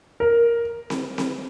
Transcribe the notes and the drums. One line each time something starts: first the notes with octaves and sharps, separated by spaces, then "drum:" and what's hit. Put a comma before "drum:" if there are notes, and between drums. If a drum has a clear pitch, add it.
A#4
drum: snare C4
drum: snare C4